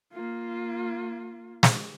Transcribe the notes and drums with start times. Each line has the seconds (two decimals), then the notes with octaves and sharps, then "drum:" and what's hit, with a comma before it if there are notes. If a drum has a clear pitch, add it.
0.13 A#3 F4
1.63 drum: snare